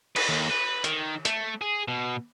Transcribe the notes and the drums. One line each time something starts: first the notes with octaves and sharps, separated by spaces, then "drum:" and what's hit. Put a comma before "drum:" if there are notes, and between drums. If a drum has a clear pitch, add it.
B4, drum: cymbal
D#2
B4
D#3, drum: hi-hat
A3, drum: hi-hat
G#4
B2